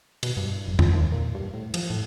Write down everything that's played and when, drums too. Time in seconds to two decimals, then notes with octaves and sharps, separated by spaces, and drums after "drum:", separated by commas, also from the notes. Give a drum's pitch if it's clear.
0.23 B2, drum: cymbal
0.37 G2
0.67 F#1
0.79 F3, drum: tom
0.93 D#2
1.12 A#2
1.35 G2
1.54 A2
1.74 F3, drum: cymbal
1.90 A2